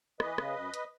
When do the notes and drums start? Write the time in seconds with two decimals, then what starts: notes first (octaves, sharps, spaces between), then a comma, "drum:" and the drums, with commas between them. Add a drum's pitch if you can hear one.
0.20 E3 B4 D#5, drum: rim click
0.38 C#3, drum: rim click
0.55 F#2
0.74 drum: hi-hat